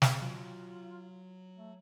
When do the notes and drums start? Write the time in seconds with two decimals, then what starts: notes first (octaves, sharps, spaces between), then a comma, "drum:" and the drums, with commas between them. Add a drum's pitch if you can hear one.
0.02 C#3, drum: snare
0.21 F#3 F4
1.57 A3